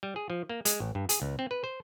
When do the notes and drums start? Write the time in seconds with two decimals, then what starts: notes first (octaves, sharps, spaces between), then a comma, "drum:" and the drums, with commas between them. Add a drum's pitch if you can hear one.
0.03 G3
0.16 G#4
0.30 F3
0.50 A#3
0.65 G#3, drum: hi-hat
0.80 A1
0.95 G2
1.09 G#4, drum: hi-hat
1.22 C#2
1.39 C4
1.51 B4
1.64 C5